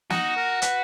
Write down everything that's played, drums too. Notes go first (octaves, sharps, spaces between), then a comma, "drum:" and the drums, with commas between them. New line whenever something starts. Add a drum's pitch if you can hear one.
D#4 F#4, drum: snare
A#4
B4, drum: hi-hat